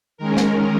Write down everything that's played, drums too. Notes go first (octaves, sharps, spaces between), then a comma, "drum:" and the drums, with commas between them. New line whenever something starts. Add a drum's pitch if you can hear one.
D#3 G#3 C#4 A#4
drum: snare